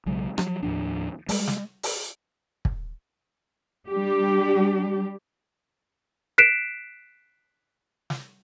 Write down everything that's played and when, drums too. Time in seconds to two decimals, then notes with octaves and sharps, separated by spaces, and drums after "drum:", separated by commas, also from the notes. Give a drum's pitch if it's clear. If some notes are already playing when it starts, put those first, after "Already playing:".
0.06 B1 C#3 F#3 G#3
0.38 F3 F#3, drum: rim click
0.63 D#2 A2 F3 D4
1.29 G3 G#3, drum: open hi-hat
1.47 drum: snare
1.83 drum: open hi-hat
2.65 drum: kick
3.89 G3 D4 G4
6.38 F#6 B6 C7 D7 E7
8.10 drum: snare